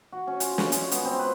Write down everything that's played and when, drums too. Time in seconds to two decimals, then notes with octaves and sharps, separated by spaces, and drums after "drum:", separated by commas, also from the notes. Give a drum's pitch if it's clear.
0.12 F#4
0.27 C#4
0.40 F4, drum: hi-hat
0.58 C#4, drum: snare
0.72 G#3, drum: hi-hat
0.91 B3, drum: hi-hat
1.05 C4
1.19 B4